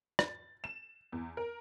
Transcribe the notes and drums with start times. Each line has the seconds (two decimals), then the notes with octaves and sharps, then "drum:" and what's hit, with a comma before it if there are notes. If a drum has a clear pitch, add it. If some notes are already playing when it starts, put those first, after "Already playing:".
0.19 A6, drum: rim click
0.64 E7
1.12 E2
1.37 A#4